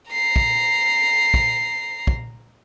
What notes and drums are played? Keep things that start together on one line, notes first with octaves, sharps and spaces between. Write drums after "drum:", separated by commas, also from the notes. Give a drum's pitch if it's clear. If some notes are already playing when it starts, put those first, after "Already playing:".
A#5 C7
drum: kick
drum: kick
drum: kick